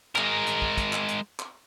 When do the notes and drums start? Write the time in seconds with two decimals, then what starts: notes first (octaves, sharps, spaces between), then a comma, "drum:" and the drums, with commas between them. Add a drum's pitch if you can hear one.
0.16 G#3 A#4, drum: clap
0.47 drum: hi-hat
0.62 drum: kick
0.77 drum: kick, hi-hat
0.93 drum: clap
1.08 drum: hi-hat
1.39 drum: clap